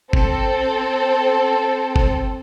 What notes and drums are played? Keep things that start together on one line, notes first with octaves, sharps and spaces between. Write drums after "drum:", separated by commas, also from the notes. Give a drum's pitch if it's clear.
C4 A4, drum: kick F#1
drum: kick F#1